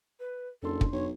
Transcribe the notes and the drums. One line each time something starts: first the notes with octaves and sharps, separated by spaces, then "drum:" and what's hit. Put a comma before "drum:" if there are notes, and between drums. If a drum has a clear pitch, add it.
B4
F#1 F2 D4 A4 C6
drum: kick
B1 C#5